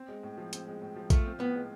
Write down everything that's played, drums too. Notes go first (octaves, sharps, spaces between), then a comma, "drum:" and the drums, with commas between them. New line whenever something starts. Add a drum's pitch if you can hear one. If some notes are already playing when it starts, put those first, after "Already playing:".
Already playing: C4
G#3
A2
F3
C4, drum: hi-hat
G#3
A2
F3
A3 F4, drum: kick A#1, hi-hat
C4
A2 B3
G#3